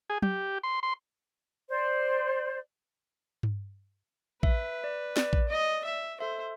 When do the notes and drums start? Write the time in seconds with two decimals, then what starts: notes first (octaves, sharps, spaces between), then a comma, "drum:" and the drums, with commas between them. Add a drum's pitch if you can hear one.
0.10 G#4
0.22 G4, drum: tom F#3
0.63 C6
0.83 C6
1.70 C5 D5
3.43 drum: tom G2
4.43 B4 E5, drum: kick
4.84 D5
5.17 D5, drum: snare
5.33 drum: kick
5.49 D#5
5.85 E5
6.20 A4 C5 E5